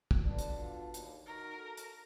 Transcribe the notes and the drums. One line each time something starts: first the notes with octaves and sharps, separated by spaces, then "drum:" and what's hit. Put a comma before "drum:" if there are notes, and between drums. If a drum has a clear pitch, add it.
drum: kick
B2 D3 D4 D5
drum: hi-hat
F4
D#2, drum: hi-hat
D#4 F#4 A#4
A4
drum: hi-hat